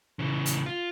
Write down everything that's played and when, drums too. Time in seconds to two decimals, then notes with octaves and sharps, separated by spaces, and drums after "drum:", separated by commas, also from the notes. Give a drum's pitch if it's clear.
0.19 C#3 E3
0.46 drum: hi-hat
0.66 F4